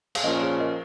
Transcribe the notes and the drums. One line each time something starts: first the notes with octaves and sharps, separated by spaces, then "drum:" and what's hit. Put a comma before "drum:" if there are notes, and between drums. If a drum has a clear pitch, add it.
F5, drum: cymbal
A#2 F3 C#4 F4 A#4 D#5
G#4 C#5
A#4 D#5